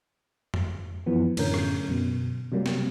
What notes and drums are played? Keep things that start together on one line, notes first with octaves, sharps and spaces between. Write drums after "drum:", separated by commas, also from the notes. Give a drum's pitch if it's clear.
drum: tom F2
F#2 E3 F3 B3
F#2 A2 D3 C#4 A#4 G6, drum: cymbal
drum: rim click
F#2 B2
C3 F#3 G3 A#3
drum: snare